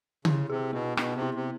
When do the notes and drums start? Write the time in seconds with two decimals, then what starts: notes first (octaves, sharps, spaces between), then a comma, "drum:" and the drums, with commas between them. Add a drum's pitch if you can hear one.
0.25 C#3 E4, drum: tom C#3
0.49 C3 G#4
0.73 B2 B3
0.97 B2 B3, drum: rim click
1.16 C3
1.22 E4
1.34 C3